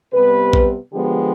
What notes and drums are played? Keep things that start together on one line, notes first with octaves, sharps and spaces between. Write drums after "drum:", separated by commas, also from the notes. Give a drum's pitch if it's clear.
C3 G3 B3 B4
drum: kick A#1
D3 F3 G#3 B3 G4